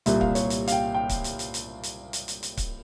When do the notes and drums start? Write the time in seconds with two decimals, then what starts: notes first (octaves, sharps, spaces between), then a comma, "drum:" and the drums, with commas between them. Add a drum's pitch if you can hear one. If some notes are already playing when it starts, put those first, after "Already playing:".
0.06 C2 A#2 G3 E5, drum: hi-hat
0.21 F5, drum: kick C#1
0.35 C#5, drum: hi-hat
0.50 drum: hi-hat
0.67 F5, drum: hi-hat
0.72 G5
0.95 G5
1.09 drum: kick C#1, hi-hat
1.24 drum: hi-hat
1.39 drum: hi-hat
1.54 drum: hi-hat
1.83 drum: hi-hat
2.13 drum: hi-hat
2.28 drum: hi-hat
2.43 drum: hi-hat
2.57 drum: kick C#1, hi-hat